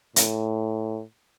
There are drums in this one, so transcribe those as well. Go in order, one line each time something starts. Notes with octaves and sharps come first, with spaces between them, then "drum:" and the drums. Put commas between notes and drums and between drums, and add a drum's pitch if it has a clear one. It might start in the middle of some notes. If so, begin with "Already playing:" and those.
A2, drum: hi-hat